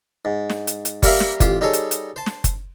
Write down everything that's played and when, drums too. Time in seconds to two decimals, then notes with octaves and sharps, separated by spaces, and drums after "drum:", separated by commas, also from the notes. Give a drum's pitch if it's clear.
0.25 G#2
0.50 drum: snare
0.67 drum: hi-hat
0.85 drum: hi-hat
1.03 G3 A#3 G4 A#4 E5 F5, drum: kick F#1, open hi-hat
1.20 drum: snare
1.40 A1 F4 G4 C5, drum: kick F#1, hi-hat
1.61 G3 D#4 G#4 A4 C#5
1.73 drum: hi-hat
1.91 drum: hi-hat
2.16 C5 A5
2.26 drum: snare
2.44 drum: kick F#1, hi-hat